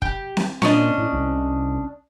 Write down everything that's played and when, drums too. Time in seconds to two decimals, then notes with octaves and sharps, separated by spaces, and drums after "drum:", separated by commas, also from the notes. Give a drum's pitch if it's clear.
0.02 G4, drum: kick
0.37 drum: snare C4
0.62 A#2 C#4 D4 D#5, drum: snare C4
0.98 A2
1.13 C2